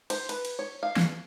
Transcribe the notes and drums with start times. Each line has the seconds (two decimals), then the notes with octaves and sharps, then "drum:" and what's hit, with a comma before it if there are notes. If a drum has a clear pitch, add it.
0.10 C5, drum: cymbal
0.29 B4, drum: cymbal
0.45 drum: cymbal
0.59 C#5
0.83 F5
0.97 drum: snare